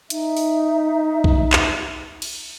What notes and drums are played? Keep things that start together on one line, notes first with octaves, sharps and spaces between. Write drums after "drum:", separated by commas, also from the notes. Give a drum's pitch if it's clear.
D#4 E5, drum: hi-hat
drum: open hi-hat
drum: kick B1
drum: clap
drum: cymbal